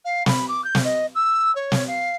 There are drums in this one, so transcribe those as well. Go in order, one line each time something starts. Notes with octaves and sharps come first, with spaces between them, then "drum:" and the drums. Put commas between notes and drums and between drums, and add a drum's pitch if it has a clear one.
F5
B5, drum: snare
D6
G6
drum: snare
D#5
E6
C#5
drum: snare
F5